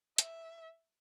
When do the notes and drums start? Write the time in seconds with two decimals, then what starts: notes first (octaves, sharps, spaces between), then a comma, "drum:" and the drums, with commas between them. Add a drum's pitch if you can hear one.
0.18 E5, drum: hi-hat